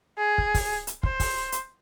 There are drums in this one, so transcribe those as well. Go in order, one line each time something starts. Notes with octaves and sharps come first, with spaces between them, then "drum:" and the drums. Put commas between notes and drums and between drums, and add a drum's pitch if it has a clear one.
G#4
drum: kick
drum: kick, open hi-hat
drum: hi-hat
C5, drum: kick
drum: kick, open hi-hat
drum: hi-hat